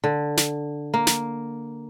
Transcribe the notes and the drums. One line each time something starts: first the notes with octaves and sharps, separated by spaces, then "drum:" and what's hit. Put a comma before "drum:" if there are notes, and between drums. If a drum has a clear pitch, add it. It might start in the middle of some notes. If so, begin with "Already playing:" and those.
D3
drum: snare
A#3
drum: snare